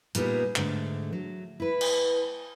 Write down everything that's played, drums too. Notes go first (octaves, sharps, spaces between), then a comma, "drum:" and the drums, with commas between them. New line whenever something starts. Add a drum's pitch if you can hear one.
A#2 G3 B3 D#4 G#4, drum: hi-hat
G#2 D3 A3, drum: clap
F#3
E4 B4
drum: cymbal